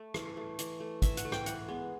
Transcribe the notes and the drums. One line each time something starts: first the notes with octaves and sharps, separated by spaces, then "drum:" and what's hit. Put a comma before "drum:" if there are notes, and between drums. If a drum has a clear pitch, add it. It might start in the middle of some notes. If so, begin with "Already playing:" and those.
Already playing: A3
E3, drum: rim click
A3
E3, drum: hi-hat
A3
E3 E5, drum: kick, hi-hat
F#5, drum: hi-hat
A3
G5, drum: rim click
E3 F#5, drum: hi-hat
G#3 B3